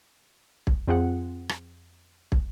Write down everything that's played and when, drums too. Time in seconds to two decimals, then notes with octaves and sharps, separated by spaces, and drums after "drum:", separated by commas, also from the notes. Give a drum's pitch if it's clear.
0.67 drum: kick
0.88 F2 C4 F4 G#4 F#5
1.49 drum: rim click
2.32 drum: kick